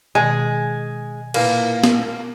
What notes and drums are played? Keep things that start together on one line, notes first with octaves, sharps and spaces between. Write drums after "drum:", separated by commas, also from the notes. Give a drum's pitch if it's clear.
B2 D#3 G#3 G#5
A#2 A#3 E4 B4, drum: cymbal
drum: snare